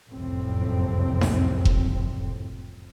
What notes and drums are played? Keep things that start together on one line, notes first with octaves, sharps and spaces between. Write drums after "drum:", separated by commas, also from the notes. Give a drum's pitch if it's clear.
F#1 C2 F2 A2 C3 C4
drum: snare D#4
drum: kick F1